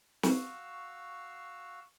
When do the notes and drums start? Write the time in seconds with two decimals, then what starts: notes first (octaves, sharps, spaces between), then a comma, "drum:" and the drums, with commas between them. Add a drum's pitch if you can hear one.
0.23 F#4 F5 C#6 E6, drum: snare